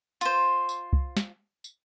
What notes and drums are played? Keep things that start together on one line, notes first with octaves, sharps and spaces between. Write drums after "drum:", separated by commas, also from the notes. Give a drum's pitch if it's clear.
F4 C5, drum: tambourine
drum: tambourine
drum: kick C2
drum: snare
drum: tambourine